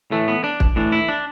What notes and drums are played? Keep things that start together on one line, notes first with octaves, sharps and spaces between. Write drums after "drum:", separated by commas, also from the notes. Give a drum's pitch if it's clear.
A2 E3 A3
B3
D4
drum: kick
A2 E3 D4
E4
D4